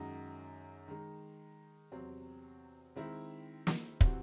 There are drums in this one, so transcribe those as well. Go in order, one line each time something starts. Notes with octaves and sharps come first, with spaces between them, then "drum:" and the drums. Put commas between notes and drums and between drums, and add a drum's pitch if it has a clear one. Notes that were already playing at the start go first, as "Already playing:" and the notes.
Already playing: F#2 D#3 G#3 D#4 F#4
D#3 G#3 D#4
E2 C3 F#3 C4
D#3 G#3 C4 E4
drum: snare
C3 E3 C4 F#4, drum: kick